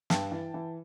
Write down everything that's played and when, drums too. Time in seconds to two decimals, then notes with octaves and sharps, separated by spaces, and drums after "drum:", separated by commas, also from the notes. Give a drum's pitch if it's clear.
0.10 G2 G5 A5, drum: snare
0.31 E3
0.54 E3